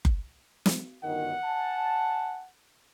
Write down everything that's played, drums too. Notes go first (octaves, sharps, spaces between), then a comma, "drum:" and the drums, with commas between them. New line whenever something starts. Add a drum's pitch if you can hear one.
drum: kick F#1
drum: snare
G1 F#2 D#3 F#5
G#5 A5